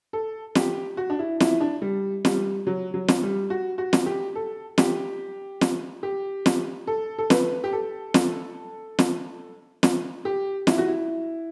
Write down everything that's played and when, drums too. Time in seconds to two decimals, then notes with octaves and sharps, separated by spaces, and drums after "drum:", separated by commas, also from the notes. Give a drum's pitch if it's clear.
0.13 A4
0.55 G4, drum: snare
0.97 F#4
1.10 D4
1.19 E4
1.40 E4, drum: snare
1.61 D4
1.82 G3
2.25 G3, drum: snare
2.67 F#3
2.94 F#3
3.08 drum: snare
3.23 G3
3.50 F#4
3.78 F#4
3.93 drum: snare
4.06 G4
4.35 A4
4.78 G4, drum: snare
5.61 drum: snare
6.03 G4
6.46 drum: snare
6.87 A4
7.18 A4
7.30 B4, drum: snare
7.64 G4
7.73 A4
8.14 drum: snare
8.99 drum: snare
9.83 drum: snare
10.25 G4
10.67 E4, drum: snare
10.78 F#4
10.88 E4